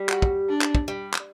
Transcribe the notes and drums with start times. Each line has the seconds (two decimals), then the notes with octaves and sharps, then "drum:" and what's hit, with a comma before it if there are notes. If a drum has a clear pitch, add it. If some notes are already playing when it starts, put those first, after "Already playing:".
Already playing: G3
0.09 F#4, drum: clap
0.22 drum: kick
0.49 D4
0.62 drum: clap
0.75 drum: kick
0.88 G3
1.14 drum: clap